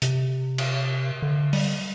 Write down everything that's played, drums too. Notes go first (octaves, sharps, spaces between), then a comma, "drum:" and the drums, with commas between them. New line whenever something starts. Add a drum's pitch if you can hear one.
C3, drum: hi-hat
drum: cymbal
D3
G3, drum: open hi-hat